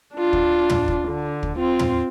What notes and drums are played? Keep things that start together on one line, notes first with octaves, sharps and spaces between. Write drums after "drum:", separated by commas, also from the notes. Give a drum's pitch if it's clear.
D4 F4
drum: kick
drum: tom
drum: kick
D3
drum: kick
C4 F4
drum: tom